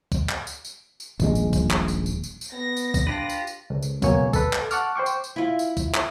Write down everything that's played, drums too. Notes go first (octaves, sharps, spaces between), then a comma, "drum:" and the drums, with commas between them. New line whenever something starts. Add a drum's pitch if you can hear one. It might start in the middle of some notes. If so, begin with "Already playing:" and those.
drum: kick, tambourine
drum: clap
drum: tambourine
drum: tambourine
drum: tambourine
D#1 A#1 G#3, drum: kick, tambourine
drum: tambourine
drum: kick, tambourine
drum: clap
drum: tambourine
drum: tambourine
drum: tambourine
drum: tambourine
B3 A#6
drum: tambourine
drum: kick, tambourine
D4 F4 G4 B4
drum: tambourine
drum: tambourine
C#2
drum: tambourine
C#2 B2 F#3 A#3 C#5 G#5, drum: kick, tambourine
A4 B4, drum: kick, tambourine
drum: clap
F#5 A5 C#6 D6 F6, drum: tambourine
C5 G5 C#6 D6
drum: tambourine
drum: tambourine
E4 F4
drum: tambourine
drum: kick, tambourine
drum: clap